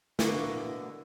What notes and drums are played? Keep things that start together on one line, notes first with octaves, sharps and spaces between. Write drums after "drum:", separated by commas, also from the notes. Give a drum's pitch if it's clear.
B2 D3 E3 A#3, drum: snare